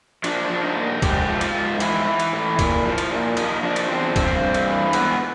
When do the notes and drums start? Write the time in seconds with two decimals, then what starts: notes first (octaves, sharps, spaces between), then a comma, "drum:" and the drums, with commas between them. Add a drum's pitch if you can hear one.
0.24 F3 D4, drum: cymbal
0.50 F3
0.64 D#4
0.76 A#2
1.02 G#2 G4, drum: kick, cymbal
1.28 F3
1.41 F4, drum: cymbal
1.55 G#2
1.80 E3 E4, drum: cymbal
2.07 E3
2.20 drum: cymbal
2.33 A2
2.59 A#2, drum: kick, cymbal
2.85 F3
2.98 drum: cymbal
3.11 A#2
3.37 F3 D#4, drum: cymbal
3.63 F3 D4
3.76 drum: cymbal
3.89 E2 C4
4.16 G2 C4, drum: kick, cymbal
4.42 G2
4.54 drum: cymbal
4.67 E3
4.93 G#2 B3, drum: cymbal